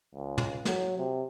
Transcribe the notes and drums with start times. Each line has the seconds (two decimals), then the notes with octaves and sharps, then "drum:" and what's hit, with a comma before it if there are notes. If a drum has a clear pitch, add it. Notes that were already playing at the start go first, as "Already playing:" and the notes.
0.14 C#2
0.38 drum: tom
0.65 F#3, drum: snare
0.98 C3